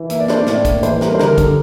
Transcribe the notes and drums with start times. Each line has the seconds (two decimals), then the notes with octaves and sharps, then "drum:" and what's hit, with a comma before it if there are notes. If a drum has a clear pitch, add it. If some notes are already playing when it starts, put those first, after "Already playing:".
Already playing: E3
0.10 A#3 E5, drum: hi-hat
0.20 D5
0.28 D4 C5, drum: snare
0.40 D5
0.47 A2, drum: snare
0.65 A#3, drum: kick, hi-hat
0.83 E3 C5, drum: hi-hat
1.01 G3 A#4, drum: snare
1.15 C5
1.19 D3 A#4, drum: snare
1.38 D3 A4, drum: kick, hi-hat